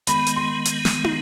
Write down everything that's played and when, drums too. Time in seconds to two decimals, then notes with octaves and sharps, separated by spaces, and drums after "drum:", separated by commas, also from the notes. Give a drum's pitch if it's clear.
0.07 D#3 G#3 B3 B5, drum: hi-hat
0.27 drum: hi-hat
0.36 C6
0.65 drum: hi-hat
0.85 drum: snare
1.04 drum: tom